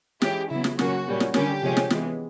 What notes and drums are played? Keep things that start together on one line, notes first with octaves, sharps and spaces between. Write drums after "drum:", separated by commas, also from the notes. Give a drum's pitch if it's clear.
E3 G#3 C#4 G4, drum: snare
C#3 F#3 B3 E4
drum: snare
C#3 F#3 A#3 C#4 F#4, drum: snare
A#2 G3 A#3 C#4
drum: snare
D3 G3 A#3 C#4 G4, drum: snare
C3 F3 G#3 C#4
drum: snare
E3 G#3 B3, drum: snare